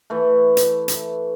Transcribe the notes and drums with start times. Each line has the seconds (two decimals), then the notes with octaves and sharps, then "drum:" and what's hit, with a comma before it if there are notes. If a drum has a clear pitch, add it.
0.10 E3 A3
0.57 drum: hi-hat
0.88 drum: hi-hat